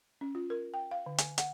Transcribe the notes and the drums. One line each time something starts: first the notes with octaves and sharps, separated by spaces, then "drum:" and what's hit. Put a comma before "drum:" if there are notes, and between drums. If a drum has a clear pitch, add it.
C#4
F4
A#4
G5
F5
D3
G#5, drum: hi-hat
F#5, drum: hi-hat